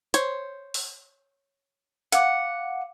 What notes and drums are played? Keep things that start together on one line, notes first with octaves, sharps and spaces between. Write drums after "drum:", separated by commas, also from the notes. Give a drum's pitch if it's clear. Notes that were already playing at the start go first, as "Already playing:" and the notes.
C5 C#5, drum: hi-hat
drum: open hi-hat
F5 F#5 D6, drum: hi-hat